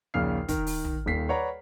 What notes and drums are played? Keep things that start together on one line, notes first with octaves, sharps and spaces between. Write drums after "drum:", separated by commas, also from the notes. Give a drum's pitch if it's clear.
A#1 D#2 C#3 F5 F6 C7
D#3 A#4, drum: kick, hi-hat
drum: open hi-hat
drum: tom
D#1 D#2 B6 C7
B4 C#5 D5 F#5 A#5 B5